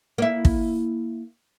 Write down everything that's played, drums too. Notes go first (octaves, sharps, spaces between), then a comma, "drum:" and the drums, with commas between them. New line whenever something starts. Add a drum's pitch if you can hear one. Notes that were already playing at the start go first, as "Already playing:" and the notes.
A#3 E4
drum: kick